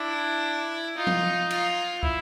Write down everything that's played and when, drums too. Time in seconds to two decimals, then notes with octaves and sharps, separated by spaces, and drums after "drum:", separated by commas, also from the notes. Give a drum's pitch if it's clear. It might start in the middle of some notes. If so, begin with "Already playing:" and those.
Already playing: D4 E4
0.97 D#4 F4
1.07 drum: tom F3
1.50 F4, drum: cymbal
2.03 E4, drum: kick